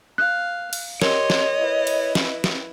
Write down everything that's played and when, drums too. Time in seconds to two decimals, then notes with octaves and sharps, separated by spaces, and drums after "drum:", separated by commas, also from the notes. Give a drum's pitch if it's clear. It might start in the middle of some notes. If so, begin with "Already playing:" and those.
0.18 F5 F#6
0.73 drum: cymbal
1.02 G4 A#4 C#5 D#5 C6, drum: snare
1.30 drum: snare
1.58 E4 B4
1.87 drum: cymbal
2.15 drum: snare
2.44 drum: snare